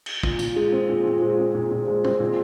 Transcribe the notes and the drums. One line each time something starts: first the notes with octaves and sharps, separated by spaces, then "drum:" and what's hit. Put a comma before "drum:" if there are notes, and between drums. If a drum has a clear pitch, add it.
drum: cymbal
A#2, drum: kick
A#2, drum: tambourine
G#3
C4
A#2
A#2
G#3
C4
A#2
A#2
G#3
C4, drum: tom
A#2